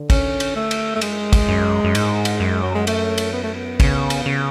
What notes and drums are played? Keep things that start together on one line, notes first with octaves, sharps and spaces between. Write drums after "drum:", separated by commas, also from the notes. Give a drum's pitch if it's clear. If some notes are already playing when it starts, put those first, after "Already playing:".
Already playing: D3
C#4, drum: kick, cymbal
drum: cymbal
A3
drum: cymbal
F2 A3
F#2 G#3, drum: cymbal
drum: kick, cymbal
F#2
F#2
G#2, drum: cymbal
drum: cymbal
F#2
F#3
G#3
A3, drum: cymbal
drum: cymbal
B3
A3
B3
C#3, drum: kick, cymbal
drum: cymbal
C#3